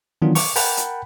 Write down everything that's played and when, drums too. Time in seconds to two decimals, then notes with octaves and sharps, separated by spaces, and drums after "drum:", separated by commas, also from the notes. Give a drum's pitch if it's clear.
0.22 D#3 E3 F#3 B3 D4 F4
0.35 C#6 D6, drum: open hi-hat
0.56 A#4 F#5 G5 A5 B5, drum: open hi-hat
0.77 drum: hi-hat